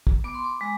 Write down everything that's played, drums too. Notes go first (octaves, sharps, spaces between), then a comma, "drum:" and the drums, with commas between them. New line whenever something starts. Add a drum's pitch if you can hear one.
drum: kick
B3 D6
C6
D6
G#3